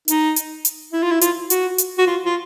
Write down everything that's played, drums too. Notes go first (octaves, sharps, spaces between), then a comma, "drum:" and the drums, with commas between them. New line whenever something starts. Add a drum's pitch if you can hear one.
D#4, drum: hi-hat
drum: hi-hat
drum: hi-hat
E4
F4
E4
F4, drum: hi-hat
F#4, drum: hi-hat
drum: hi-hat
F#4
F4
F4